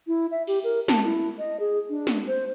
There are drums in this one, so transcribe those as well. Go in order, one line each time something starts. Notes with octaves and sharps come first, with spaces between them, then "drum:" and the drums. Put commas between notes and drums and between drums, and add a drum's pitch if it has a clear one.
E4
E5
G4, drum: cymbal
A#4
A5, drum: snare
E4
D#5
G#4
D4
drum: snare
C5